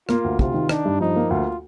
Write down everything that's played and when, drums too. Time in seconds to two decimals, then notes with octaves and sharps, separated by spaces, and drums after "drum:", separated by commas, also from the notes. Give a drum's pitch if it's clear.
0.09 A#3 F4, drum: rim click
0.24 D2
0.39 C3 F4, drum: kick
0.54 D#3
0.69 D4 D#4, drum: rim click
0.85 G2
1.01 F3 D#4
1.16 A#3
1.30 D2 F4